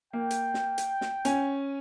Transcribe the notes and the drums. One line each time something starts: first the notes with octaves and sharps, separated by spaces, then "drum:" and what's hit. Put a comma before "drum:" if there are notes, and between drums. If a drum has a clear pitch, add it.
A#3 G5
drum: hi-hat
drum: snare
drum: hi-hat
drum: snare
C#4 G#5, drum: hi-hat